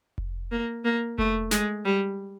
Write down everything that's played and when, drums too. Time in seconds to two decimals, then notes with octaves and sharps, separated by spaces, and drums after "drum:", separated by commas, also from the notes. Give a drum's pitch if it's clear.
0.18 drum: kick F1
0.52 A#3
0.84 A#3
1.18 A3, drum: kick F1
1.51 G#3, drum: snare
1.85 G3